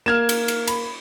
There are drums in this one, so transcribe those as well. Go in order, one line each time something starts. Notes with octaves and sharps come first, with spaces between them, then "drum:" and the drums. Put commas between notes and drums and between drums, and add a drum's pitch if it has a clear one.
A#3 F6 G#6 E7
drum: cymbal
drum: cymbal
B5, drum: cymbal